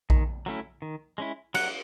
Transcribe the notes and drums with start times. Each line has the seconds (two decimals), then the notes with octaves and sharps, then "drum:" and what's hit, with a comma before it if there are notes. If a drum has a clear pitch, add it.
0.10 D#3, drum: kick A#1
0.46 F#3 A3 C#4 E4
0.82 D#3
1.18 G#3 C#4 E4
1.54 F#3 F#5, drum: cymbal